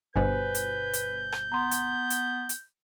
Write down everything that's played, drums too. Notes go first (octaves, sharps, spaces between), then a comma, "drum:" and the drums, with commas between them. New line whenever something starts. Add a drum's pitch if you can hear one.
G1 G2 B2 B4 C5 G#5 G6
drum: hi-hat
drum: hi-hat
drum: rim click
B3 A#5 C6
drum: hi-hat
drum: hi-hat
drum: hi-hat